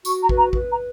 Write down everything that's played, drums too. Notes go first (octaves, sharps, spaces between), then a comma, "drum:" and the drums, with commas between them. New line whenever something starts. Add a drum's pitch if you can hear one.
F#4 C#6, drum: tambourine
A#5
B4, drum: kick A1
A#5
B4, drum: kick A1
A#5